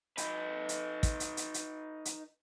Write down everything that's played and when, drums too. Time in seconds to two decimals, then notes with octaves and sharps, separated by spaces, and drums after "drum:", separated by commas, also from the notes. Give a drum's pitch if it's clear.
0.18 D#4 B4, drum: hi-hat
0.69 drum: hi-hat
1.03 drum: kick, hi-hat
1.20 drum: hi-hat
1.37 drum: hi-hat
1.54 drum: hi-hat
2.05 drum: hi-hat